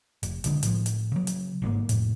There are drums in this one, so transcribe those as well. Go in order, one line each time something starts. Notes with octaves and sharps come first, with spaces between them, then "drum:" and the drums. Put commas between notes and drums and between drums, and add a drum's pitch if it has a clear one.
F1, drum: hi-hat
B1 D3 G#3, drum: hi-hat
A2 F3, drum: hi-hat
drum: hi-hat
C#3 F#3
drum: hi-hat
G1 G#2 B2 A#3
F2 A2, drum: hi-hat